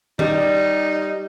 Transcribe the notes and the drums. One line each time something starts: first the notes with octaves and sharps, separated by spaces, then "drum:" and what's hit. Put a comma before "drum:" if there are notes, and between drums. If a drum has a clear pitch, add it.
G3 D#4, drum: tom D#3